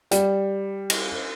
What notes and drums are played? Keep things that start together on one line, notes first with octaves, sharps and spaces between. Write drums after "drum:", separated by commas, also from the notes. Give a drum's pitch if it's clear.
G3, drum: hi-hat
drum: cymbal